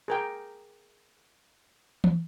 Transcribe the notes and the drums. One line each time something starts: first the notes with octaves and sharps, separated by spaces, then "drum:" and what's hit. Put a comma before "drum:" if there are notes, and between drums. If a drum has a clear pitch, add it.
G#4 A#4 G5
drum: tom E3